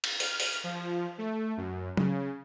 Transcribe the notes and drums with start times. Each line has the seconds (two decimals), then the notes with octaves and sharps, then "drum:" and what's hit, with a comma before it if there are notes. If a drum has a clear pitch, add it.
0.04 drum: cymbal
0.20 F6, drum: open hi-hat
0.40 drum: open hi-hat
0.64 F3
1.18 A3
1.57 F#2
1.97 C#3, drum: tom F#3